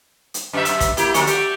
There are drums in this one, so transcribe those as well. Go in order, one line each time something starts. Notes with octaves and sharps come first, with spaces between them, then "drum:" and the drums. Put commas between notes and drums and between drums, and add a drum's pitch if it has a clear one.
drum: hi-hat
F#2 E5
drum: hi-hat
drum: kick A1, hi-hat
A#3 E4 G4, drum: hi-hat
D3 F3 A#3, drum: hi-hat
A3 G4, drum: hi-hat